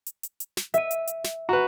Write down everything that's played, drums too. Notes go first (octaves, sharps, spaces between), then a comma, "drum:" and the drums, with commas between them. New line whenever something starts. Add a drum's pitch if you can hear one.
drum: hi-hat
drum: hi-hat
drum: hi-hat
drum: snare
E5 D#7, drum: hi-hat
drum: hi-hat
drum: hi-hat
drum: snare
F#4 B4 A#5